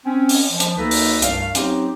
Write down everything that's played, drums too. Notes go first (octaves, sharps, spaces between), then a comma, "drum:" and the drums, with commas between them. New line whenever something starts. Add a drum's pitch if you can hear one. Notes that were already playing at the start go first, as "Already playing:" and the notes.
C4 C#4
drum: open hi-hat
F3
drum: hi-hat
D2 A#3 D#4 A4 B4
drum: open hi-hat
C2 G2 A3 F5, drum: hi-hat
F#3 C4 C#4 D#4 G4, drum: hi-hat